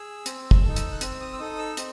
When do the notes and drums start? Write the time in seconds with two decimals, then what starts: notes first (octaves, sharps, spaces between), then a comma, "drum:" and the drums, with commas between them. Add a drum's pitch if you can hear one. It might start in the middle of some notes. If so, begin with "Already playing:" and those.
Already playing: G#4 E6
0.26 C4, drum: hi-hat
0.51 drum: kick
0.64 D#4 A4
0.76 drum: hi-hat
0.92 F#6
1.01 C4 E6, drum: hi-hat
1.20 D#6
1.33 E6
1.39 D#4 A4 D#6
1.59 E6
1.77 C4, drum: hi-hat